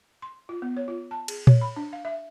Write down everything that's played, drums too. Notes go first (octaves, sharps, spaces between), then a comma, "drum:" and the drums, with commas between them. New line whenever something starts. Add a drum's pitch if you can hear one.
C6
F4
B3
C#5
F4
A5
G#4, drum: cymbal
C#5, drum: tom A#2
B5
D4
F5
E5